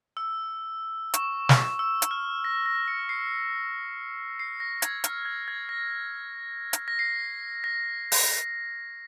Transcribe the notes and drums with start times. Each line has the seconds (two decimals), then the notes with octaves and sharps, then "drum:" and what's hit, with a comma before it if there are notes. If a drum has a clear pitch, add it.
0.17 E6
1.14 C#6, drum: hi-hat
1.49 drum: snare
1.79 E6
2.02 drum: hi-hat
2.11 F6
2.44 A#6
2.66 A#6
2.88 C#7
3.09 C7
4.39 C7
4.60 A#6
4.82 G#6, drum: hi-hat
5.04 F6, drum: hi-hat
5.25 G#6
5.48 G#6
5.69 A#6
6.73 drum: hi-hat
6.88 A#6
6.99 C7
7.64 A#6
8.12 drum: open hi-hat